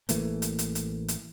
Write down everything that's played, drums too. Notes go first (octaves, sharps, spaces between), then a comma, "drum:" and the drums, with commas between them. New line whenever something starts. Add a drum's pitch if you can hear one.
A1 E3 A3 A#3, drum: hi-hat
drum: hi-hat
drum: hi-hat
drum: hi-hat
drum: hi-hat